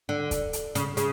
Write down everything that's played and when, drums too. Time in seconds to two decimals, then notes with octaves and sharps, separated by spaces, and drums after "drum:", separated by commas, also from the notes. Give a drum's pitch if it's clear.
0.09 D3
0.31 drum: kick, hi-hat
0.53 drum: hi-hat
0.75 C#3, drum: hi-hat
0.97 C#3, drum: hi-hat